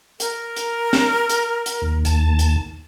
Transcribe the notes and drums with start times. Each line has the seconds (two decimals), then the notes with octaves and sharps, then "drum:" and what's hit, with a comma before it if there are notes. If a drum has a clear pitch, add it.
0.20 A#4, drum: hi-hat
0.56 drum: hi-hat
0.93 drum: snare
1.29 drum: hi-hat
1.66 drum: hi-hat
1.82 D#2
2.05 D#2 A5, drum: hi-hat
2.39 drum: hi-hat